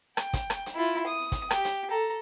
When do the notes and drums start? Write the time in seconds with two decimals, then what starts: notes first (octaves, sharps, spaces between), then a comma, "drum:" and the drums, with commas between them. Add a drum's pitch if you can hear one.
0.17 G5, drum: rim click
0.33 drum: kick, hi-hat
0.50 drum: rim click
0.66 drum: hi-hat
0.75 E4 F4
1.06 D#6
1.32 drum: kick, hi-hat
1.50 G4, drum: rim click
1.64 drum: hi-hat
1.90 A4 A#5